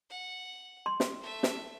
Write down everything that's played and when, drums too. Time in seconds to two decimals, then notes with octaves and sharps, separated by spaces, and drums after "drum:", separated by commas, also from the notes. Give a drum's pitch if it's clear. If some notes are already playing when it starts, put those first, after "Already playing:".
0.10 F#5
0.86 C6
1.00 drum: snare
1.21 A3 E5
1.43 drum: snare